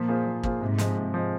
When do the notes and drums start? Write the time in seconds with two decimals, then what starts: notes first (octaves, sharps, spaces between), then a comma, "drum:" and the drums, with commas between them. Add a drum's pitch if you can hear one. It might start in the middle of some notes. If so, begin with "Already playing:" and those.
Already playing: A#2 F3
0.08 A#3 F4 G#4 C5
0.25 F3
0.43 A#3 F4 G#4 C5, drum: kick
0.61 G#2 C3
0.78 F3 G#3, drum: snare
0.97 C3
1.14 F3 G#3